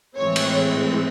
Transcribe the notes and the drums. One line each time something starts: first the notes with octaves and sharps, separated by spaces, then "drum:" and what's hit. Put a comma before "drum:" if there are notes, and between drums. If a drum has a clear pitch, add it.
A2 E3 G#3 C4 C#5
drum: cymbal